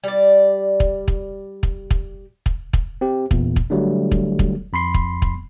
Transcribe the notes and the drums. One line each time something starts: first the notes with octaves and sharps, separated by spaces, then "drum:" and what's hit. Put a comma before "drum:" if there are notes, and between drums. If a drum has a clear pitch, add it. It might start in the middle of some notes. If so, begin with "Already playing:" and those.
G3 D5
drum: kick
drum: kick
drum: kick
drum: kick
drum: kick
drum: kick
C4 G4
E2 A#2, drum: kick
drum: kick
D3 F#3 G3 A3 D4
drum: kick
drum: kick
F2 B5 C6 C7
drum: kick
drum: kick